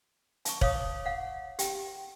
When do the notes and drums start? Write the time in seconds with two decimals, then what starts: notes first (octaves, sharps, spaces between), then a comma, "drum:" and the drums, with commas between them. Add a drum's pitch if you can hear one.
0.45 A5 C#6, drum: hi-hat
0.61 C#5 F5 D6 D#6, drum: kick E1
1.06 F5 F#5
1.59 G4 G5, drum: hi-hat